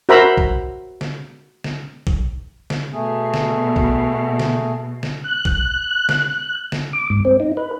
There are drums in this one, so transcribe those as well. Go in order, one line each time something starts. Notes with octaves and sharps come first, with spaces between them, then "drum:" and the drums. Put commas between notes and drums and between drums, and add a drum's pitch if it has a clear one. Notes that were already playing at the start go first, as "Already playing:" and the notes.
F#4 A#4 C5 E5 A#5 B5
drum: kick A#1
drum: snare
drum: snare
drum: kick A#1
drum: snare
B2 A3 G#4
drum: snare
drum: kick A#1
drum: snare
drum: snare
F#6
drum: kick A#1
drum: snare
drum: snare
D6
G#2
C4
D#4
B4